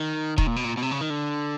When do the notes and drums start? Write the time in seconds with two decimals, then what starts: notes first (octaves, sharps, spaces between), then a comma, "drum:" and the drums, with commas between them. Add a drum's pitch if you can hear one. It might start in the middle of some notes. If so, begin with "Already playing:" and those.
Already playing: D#3
0.38 D#3, drum: kick D#1
0.47 A#2
0.56 B2
0.64 A#2
0.77 B2
0.82 C3
0.91 C#3
1.01 D#3
1.10 D3